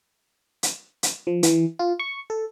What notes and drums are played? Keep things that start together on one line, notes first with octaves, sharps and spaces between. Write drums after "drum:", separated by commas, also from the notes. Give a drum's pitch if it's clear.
drum: hi-hat
drum: hi-hat
F3
E3, drum: hi-hat
F4
C#6
A4